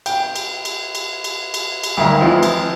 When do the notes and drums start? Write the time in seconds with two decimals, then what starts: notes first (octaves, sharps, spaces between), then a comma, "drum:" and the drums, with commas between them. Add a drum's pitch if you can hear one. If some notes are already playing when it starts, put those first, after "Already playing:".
0.06 G5, drum: cymbal
0.36 drum: cymbal
0.65 drum: cymbal
0.95 drum: cymbal
1.24 drum: cymbal
1.54 drum: cymbal
1.83 drum: cymbal
1.97 D2 G2 D#3 E5 F5 A#5
2.21 E3 F3 G#3 C4 E4
2.43 drum: cymbal